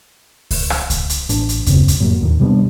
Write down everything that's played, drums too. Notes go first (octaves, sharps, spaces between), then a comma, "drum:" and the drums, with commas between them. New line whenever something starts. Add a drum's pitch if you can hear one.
drum: kick C#2, open hi-hat
drum: rim click
drum: kick C#2, hi-hat
drum: hi-hat
A1 D4, drum: hi-hat
drum: hi-hat
F#1 D#2 C#3 C4, drum: kick C#2, hi-hat
drum: hi-hat
F1 A2 F#3 A#3
D#2 A2 D#3
C3 G3 B3 D4